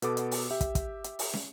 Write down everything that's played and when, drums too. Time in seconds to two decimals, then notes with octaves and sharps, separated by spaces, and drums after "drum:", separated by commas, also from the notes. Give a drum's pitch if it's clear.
0.02 B2 B3 A4 D6, drum: hi-hat
0.17 drum: hi-hat
0.31 drum: open hi-hat
0.51 G4 E5
0.61 drum: kick, hi-hat
0.75 drum: kick, hi-hat
1.04 drum: hi-hat
1.19 drum: open hi-hat
1.33 drum: snare